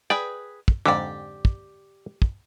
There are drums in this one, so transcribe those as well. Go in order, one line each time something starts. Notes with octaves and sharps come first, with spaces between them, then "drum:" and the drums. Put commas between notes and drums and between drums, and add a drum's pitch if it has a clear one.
G#4 B4 D5 G5
drum: kick
F2 G#2 D3 G4 D5
drum: kick
drum: kick